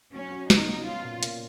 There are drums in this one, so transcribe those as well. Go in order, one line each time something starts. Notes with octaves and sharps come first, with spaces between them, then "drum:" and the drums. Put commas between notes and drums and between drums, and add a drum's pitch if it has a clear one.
F#3 C#4
F#4
C#3 D#4, drum: snare
B3
C#4 F4
A#2
A#2, drum: hi-hat